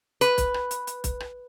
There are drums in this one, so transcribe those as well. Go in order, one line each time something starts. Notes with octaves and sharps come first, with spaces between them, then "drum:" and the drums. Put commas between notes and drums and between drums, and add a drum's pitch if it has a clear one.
B4, drum: hi-hat
drum: kick, hi-hat
drum: rim click
drum: hi-hat
drum: hi-hat
drum: kick, hi-hat
drum: rim click